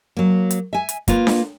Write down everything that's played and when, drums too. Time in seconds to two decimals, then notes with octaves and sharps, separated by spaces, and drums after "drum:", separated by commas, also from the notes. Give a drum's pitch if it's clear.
0.17 F#3 A#3
0.51 drum: hi-hat
0.73 E5 G#5
0.89 drum: hi-hat
1.08 A#3 F4 B4, drum: kick, hi-hat
1.27 drum: snare D4